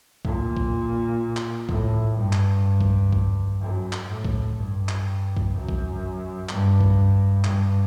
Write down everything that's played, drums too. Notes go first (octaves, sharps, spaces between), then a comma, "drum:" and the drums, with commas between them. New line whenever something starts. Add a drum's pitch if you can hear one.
A#2, drum: kick
drum: kick
drum: clap
A2, drum: kick
G2
drum: clap
drum: kick
drum: kick
F#2
drum: clap
A2
drum: kick
G2
drum: clap
drum: kick
F#2
drum: kick
G2, drum: clap
drum: kick
G2, drum: clap